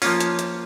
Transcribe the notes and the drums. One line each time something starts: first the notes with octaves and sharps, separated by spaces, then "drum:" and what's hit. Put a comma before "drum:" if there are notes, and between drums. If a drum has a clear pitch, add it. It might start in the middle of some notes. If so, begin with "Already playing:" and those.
F3 A#3 C#4 F4, drum: open hi-hat
drum: hi-hat
drum: hi-hat